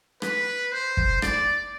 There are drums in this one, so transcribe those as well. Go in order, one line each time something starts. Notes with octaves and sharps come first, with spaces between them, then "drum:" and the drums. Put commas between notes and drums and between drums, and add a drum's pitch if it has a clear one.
B4, drum: rim click
C5
drum: kick
D5, drum: rim click